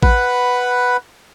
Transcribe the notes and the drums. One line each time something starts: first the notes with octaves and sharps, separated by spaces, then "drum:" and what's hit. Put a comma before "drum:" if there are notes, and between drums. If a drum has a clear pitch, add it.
B4 F#5 B5, drum: kick A1